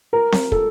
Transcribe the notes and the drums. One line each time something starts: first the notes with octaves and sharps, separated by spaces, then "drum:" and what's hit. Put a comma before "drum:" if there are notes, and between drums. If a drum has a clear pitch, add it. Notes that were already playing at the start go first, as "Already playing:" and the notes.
A#4
drum: snare C4
A4, drum: kick